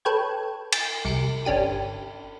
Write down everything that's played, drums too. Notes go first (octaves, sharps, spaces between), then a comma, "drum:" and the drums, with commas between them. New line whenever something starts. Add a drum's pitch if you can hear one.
A4 B4 C#5 G5 G#6
G6 A6 D7, drum: cymbal
C2 C#7 D7
G1 C#4 D4 G4 D#7